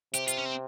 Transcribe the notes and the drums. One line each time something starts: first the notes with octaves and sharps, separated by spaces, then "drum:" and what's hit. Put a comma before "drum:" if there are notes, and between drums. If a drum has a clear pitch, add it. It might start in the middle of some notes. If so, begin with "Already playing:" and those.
C3 G4, drum: hi-hat
F4, drum: hi-hat
C#4
C4